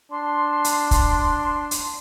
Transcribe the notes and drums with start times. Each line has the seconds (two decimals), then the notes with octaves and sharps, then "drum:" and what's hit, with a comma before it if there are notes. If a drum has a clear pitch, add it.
0.11 D4 C6
0.64 drum: hi-hat
0.91 drum: kick, hi-hat
1.71 drum: hi-hat